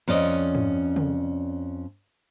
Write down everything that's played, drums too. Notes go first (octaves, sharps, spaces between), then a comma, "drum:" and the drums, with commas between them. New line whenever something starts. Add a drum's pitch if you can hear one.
F2 C#4 D5 D#5, drum: cymbal
drum: tom
drum: tom